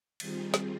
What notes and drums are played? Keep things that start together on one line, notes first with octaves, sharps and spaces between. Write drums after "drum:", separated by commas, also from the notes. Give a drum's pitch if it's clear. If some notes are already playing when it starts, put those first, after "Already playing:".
D#3 G3 C4 F4 G#4, drum: cymbal
drum: snare